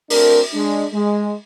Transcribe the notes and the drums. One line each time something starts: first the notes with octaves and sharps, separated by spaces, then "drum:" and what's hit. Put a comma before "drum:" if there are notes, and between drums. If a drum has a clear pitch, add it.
A3 C4 D4 F#4 A#4, drum: open hi-hat
G#3 D4
G#3